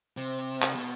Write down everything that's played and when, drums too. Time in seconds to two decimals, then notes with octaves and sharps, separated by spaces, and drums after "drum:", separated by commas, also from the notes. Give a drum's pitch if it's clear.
0.17 C3
0.62 drum: clap
0.75 B2